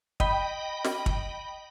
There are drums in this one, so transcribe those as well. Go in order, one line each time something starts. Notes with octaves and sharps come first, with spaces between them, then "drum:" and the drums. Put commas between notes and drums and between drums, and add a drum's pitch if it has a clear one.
D#5 G5 B5, drum: kick
drum: snare
drum: kick